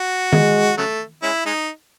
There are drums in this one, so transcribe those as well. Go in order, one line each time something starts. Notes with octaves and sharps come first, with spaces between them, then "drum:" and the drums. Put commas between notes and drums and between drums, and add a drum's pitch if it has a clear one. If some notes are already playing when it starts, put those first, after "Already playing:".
Already playing: F#4
G#3, drum: tom D#3
C#3 F#3 A3
G#3 C#4 E4
G#3 D#4